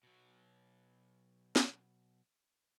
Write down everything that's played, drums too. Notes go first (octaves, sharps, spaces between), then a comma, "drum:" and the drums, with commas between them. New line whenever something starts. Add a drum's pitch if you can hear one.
B2 F#3
drum: snare